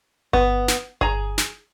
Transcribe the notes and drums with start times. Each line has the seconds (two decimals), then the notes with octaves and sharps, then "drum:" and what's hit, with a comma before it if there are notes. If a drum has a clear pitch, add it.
0.33 B3, drum: kick G1
0.68 drum: snare
1.01 G#4 A#5, drum: kick G1
1.38 drum: snare